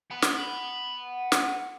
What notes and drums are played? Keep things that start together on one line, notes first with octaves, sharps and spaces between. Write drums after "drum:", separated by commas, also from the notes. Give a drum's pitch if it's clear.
F#5 B5
drum: snare
drum: snare